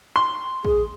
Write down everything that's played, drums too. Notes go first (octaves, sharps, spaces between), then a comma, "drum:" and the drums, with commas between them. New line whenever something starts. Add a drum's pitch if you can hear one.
C6
G#4, drum: kick